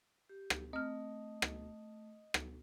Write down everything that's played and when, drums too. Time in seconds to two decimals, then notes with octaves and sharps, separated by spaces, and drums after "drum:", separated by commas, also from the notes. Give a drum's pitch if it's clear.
0.29 G4
0.50 drum: rim click
0.73 A3 C4 D#5 F6
1.42 drum: rim click
2.34 drum: rim click